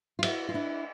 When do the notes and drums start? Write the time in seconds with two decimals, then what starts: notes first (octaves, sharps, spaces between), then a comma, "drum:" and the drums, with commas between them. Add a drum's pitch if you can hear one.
0.19 F4
0.23 E4 F#4, drum: cymbal
0.49 F4
0.54 D4 E4